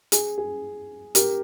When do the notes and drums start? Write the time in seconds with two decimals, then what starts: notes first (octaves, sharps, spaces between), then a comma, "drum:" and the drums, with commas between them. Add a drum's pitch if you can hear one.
0.12 G#4, drum: hi-hat
0.38 G#4
1.15 G4 A#4, drum: hi-hat